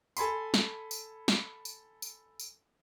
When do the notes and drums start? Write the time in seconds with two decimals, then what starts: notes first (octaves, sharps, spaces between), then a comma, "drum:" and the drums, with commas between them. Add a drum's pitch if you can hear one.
0.17 A4 G#5 B5 C6, drum: tambourine
0.54 drum: snare
0.91 drum: tambourine
1.28 drum: snare
1.65 drum: tambourine
2.02 drum: tambourine
2.40 drum: tambourine